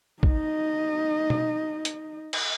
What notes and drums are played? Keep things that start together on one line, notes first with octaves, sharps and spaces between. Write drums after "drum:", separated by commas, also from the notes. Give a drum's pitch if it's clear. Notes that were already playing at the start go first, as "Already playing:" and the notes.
D#4 D#5, drum: kick
drum: tom B2
drum: hi-hat
drum: cymbal